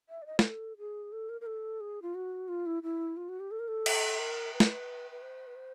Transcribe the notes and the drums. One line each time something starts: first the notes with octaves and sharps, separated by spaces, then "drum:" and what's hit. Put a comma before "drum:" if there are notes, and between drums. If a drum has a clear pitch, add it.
E5
D5
D#5
A#4, drum: snare
A4
G#4
A4
A#4
A#4
A4
G#4
F4
F#4
F4
E4
E4
F4
F#4
G4
A4
A#4
A4
drum: cymbal
A#4
B4
A#4, drum: snare
B4
B4
C5
B4
C5